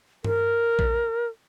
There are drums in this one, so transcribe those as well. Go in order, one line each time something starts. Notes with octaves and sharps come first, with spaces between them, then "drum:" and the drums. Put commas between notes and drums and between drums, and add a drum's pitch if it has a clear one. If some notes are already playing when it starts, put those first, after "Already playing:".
A#4, drum: tom G2
drum: kick A#1